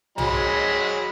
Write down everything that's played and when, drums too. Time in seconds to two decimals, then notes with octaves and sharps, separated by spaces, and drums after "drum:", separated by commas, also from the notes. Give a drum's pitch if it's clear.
0.18 F#3 G#3 B5, drum: tom